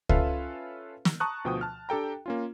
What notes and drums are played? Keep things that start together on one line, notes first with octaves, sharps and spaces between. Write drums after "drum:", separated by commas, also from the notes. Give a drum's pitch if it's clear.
C#4 F4 A4 B4 E5 F5, drum: kick C#2
drum: snare
A5 A#5 C#6 D#6 F#6
D2 B2 F3 G5 C#6 D#6
A5 F6
D4 G4 A4 G5 A#5
A#3 C#4 F4